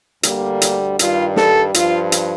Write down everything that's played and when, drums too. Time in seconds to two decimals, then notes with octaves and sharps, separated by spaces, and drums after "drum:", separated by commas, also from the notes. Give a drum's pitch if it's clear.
0.23 D2 D3 G3 A#3, drum: hi-hat
0.62 drum: hi-hat
0.99 G2 D#3 G3 F4, drum: hi-hat
1.36 A4, drum: snare
1.74 G2 F3 F4, drum: hi-hat
2.12 drum: hi-hat